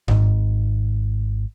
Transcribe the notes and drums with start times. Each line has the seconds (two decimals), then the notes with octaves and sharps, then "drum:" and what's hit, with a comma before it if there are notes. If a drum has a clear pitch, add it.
0.08 G#1 G#2, drum: tom G#2